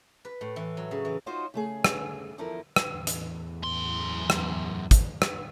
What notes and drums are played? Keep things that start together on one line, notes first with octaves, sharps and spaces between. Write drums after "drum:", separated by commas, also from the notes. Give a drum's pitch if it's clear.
B4
A2
E3
F#3
C#3
E3
D#4 F4 F#4 C5 C#5 D#5
C#3 A3 G#4
drum: rim click
E2 F3 E4 A4 A#4
drum: rim click
E2 A2 E3
drum: hi-hat
F#2 C6
drum: rim click
drum: kick, hi-hat
drum: rim click